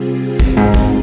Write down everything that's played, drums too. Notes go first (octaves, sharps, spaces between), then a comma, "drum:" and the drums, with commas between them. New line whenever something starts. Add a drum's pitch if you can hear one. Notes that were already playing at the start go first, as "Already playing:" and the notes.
Already playing: C3 G3 C4 F4 G#4
drum: kick
G#2
drum: kick